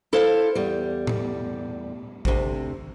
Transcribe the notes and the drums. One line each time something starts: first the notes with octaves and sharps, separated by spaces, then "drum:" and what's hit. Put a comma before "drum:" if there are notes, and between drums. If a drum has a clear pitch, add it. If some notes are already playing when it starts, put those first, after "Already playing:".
E4 A4 C5 F5
E2 G3
drum: tom A2
D2 C3, drum: kick